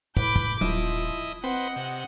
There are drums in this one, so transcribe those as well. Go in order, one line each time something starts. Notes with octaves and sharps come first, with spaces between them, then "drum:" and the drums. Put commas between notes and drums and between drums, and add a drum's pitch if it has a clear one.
A2 B4 B5 D6 G6, drum: kick
drum: kick
D#1 F3 E4 D#5, drum: tom F#3
C4 B4 C5 D#5 F#5
C3